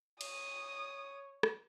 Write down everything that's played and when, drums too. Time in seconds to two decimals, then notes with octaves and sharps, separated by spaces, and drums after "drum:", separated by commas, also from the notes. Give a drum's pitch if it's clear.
0.21 C#5 D#6, drum: cymbal
1.43 drum: rim click